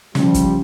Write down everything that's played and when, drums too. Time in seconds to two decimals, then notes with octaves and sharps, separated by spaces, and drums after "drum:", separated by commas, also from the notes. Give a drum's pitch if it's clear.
0.15 C#3 F3 G3, drum: snare
0.34 drum: kick, hi-hat